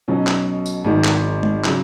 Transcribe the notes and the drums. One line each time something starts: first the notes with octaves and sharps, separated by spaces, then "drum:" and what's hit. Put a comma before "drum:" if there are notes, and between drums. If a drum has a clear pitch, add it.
B1 B2 F#3 C#4
drum: clap
drum: tambourine
G#1 G#2 D#3
drum: clap
drum: tom
C#3 F#3, drum: clap